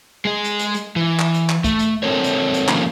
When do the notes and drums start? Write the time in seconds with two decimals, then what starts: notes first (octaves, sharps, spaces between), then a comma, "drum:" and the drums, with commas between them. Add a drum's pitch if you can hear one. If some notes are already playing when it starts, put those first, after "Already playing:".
0.25 G#3 G#4
0.44 drum: hi-hat
0.59 drum: hi-hat
0.74 drum: hi-hat
0.96 E3
1.19 drum: clap
1.34 drum: hi-hat
1.49 drum: clap
1.64 A3, drum: kick, hi-hat
1.79 drum: hi-hat
2.03 G#3 C4 A4 A#4 C#5
2.24 drum: hi-hat
2.54 drum: hi-hat
2.68 D#3 F3 A3 A#3 C#4, drum: clap